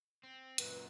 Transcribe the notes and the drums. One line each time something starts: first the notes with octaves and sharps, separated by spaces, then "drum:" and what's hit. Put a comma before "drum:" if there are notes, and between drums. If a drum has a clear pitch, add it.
C4
F#2 A#2 B4, drum: hi-hat